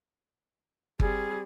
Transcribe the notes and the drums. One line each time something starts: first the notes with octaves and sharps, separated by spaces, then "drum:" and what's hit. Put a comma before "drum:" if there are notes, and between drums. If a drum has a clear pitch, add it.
G3 C4 G#4, drum: kick G1